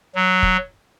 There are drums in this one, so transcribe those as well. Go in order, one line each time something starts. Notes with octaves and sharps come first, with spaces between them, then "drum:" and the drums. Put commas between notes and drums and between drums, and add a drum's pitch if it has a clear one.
F#3
drum: kick